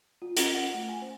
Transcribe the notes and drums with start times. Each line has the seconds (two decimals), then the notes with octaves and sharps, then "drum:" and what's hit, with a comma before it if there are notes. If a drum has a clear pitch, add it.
0.22 F4
0.37 C#4, drum: hi-hat
0.54 F#5
0.74 A3
0.89 G#5
1.02 C5